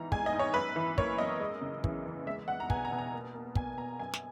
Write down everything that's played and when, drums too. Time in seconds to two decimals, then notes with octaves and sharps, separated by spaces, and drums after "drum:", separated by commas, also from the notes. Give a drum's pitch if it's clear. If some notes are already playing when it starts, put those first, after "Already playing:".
Already playing: G#2 E3 A#5
0.12 G#3 G#5, drum: kick
0.26 D#5
0.32 G#2
0.39 C#5
0.54 F#2 B4
0.76 E3
0.98 A#3 C#5, drum: kick
1.18 F#2 D#5
1.40 G#3
1.61 C#3
1.84 E3, drum: kick
2.05 E2
2.26 G#3 E5
2.48 G#3 F#5
2.60 A#5
2.70 B2 G#5, drum: kick
2.85 A#5
2.92 B2
2.98 A#5
3.14 A#3
3.34 A#3
3.55 B2 G#5, drum: kick
3.77 B2 A#5
3.99 F#2 G#5
4.14 drum: snare